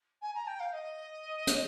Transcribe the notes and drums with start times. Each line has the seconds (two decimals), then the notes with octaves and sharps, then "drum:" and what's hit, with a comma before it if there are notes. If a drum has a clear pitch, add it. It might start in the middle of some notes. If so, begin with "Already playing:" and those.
0.22 G#5
0.34 A#5
0.47 G5
0.60 F5
0.72 D#5
1.47 drum: hi-hat